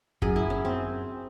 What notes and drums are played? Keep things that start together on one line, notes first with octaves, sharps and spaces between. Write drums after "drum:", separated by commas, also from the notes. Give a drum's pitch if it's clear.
F#2 G#4, drum: kick F#1
E4
C#4
C4